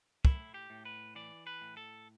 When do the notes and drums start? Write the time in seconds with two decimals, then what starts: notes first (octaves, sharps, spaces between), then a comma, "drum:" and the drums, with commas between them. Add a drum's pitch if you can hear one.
0.25 A2 E4, drum: kick
0.54 G4
0.70 A2
0.85 B4
1.15 E3 D5
1.47 B4
1.61 A2
1.77 A4